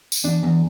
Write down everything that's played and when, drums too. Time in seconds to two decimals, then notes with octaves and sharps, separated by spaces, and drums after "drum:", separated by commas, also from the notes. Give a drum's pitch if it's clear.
0.12 drum: tambourine
0.24 E2 D4
0.43 E2